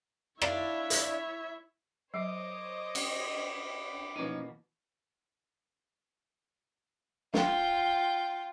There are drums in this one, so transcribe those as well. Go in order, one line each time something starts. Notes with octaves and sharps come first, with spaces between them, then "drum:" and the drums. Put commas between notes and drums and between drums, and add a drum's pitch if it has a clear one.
D4 E4 F4 C#5 E5, drum: rim click
drum: hi-hat
F#3 C5 C#5 D#5 D6
drum: cymbal
B2 E3 F3 A#3 C#4 D#4 E4 B4
F4 G5, drum: snare